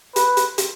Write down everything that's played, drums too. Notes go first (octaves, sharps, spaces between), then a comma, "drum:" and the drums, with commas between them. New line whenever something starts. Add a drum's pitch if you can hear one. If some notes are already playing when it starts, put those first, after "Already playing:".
B4, drum: hi-hat
drum: hi-hat
drum: hi-hat